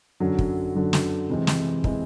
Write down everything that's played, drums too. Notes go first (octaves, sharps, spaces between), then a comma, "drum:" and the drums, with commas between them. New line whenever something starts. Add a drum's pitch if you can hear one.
F#2 D3 F#3
drum: kick
F#2 D3 F#3
drum: snare
C3 E3 G#3 C4
drum: snare
C3 E3 G#3 C4, drum: kick